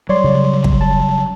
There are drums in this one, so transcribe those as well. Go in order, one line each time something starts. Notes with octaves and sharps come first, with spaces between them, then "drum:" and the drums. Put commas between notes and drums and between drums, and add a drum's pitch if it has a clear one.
F#3 G3 C#5 D5 C6
C#3
drum: kick
A5